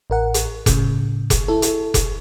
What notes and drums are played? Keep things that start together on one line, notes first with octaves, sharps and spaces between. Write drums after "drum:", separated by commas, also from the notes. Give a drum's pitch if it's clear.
A1 A#4 F#5
drum: hi-hat
A2 C#3, drum: kick F1, hi-hat
drum: kick F1, hi-hat
E4 A4
drum: hi-hat
drum: kick F1, hi-hat